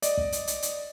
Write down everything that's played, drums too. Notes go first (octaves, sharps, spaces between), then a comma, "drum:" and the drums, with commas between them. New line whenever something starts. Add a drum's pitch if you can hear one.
D5 D#5, drum: hi-hat
drum: kick
drum: hi-hat
drum: hi-hat
drum: hi-hat